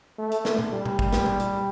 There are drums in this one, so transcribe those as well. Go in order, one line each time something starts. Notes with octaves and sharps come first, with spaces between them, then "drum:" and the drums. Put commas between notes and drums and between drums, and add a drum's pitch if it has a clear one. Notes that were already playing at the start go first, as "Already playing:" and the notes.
A3
drum: hi-hat
drum: snare
drum: tom A#2
G3
drum: tom A#2
drum: kick
drum: snare
drum: tom A#2
drum: hi-hat